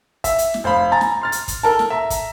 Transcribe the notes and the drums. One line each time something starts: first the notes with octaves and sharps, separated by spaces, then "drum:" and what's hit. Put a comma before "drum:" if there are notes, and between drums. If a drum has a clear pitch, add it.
E5, drum: kick, hi-hat
drum: hi-hat
drum: snare
F1 C5 F5 B5
G#5 A#5 A6
drum: snare
C6 F6 A6
drum: hi-hat
drum: kick, hi-hat
A4 A#4 A5
drum: snare
E5 A#5
drum: kick, hi-hat